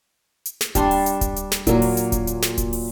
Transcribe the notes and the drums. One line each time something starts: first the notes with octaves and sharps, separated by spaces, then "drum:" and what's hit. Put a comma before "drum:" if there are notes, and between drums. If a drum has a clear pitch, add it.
drum: hi-hat
drum: snare
G3 D4 C6, drum: kick D#1, hi-hat
drum: open hi-hat
drum: hi-hat
drum: kick D#1, hi-hat
drum: hi-hat
drum: snare
A#2 F#3 A#3, drum: kick D#1, hi-hat
drum: open hi-hat
drum: hi-hat
drum: kick D#1, hi-hat
drum: hi-hat
drum: snare
drum: kick D#1, hi-hat
drum: open hi-hat